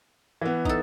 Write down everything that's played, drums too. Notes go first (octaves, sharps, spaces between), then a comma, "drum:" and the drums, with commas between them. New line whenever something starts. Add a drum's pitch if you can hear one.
E3 B3
D#4 A4, drum: kick